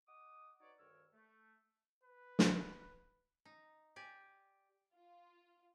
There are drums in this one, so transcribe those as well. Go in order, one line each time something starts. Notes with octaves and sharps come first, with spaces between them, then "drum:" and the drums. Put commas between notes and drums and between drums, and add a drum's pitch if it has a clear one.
D#5 F#5 D6 D#6
D#4 F#4 B4 C#5 D5
D2 G2 D#3 A#4 C#5 E6
A3
B4
drum: snare
D#4
G4 D5 G#5
F4